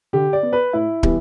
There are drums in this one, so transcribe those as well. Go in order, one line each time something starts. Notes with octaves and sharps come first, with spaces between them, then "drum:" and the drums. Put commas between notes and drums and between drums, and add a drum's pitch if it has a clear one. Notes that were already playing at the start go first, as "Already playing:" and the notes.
D3 G4
D5
B3
B4
A2 E4
E3 G3 B3, drum: kick